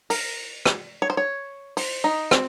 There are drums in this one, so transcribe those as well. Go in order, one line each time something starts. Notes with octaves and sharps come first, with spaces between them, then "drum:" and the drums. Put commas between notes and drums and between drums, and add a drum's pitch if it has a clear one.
A#4, drum: open hi-hat
drum: rim click
C#5
C5
C#5
C5, drum: open hi-hat
D#4
C4, drum: rim click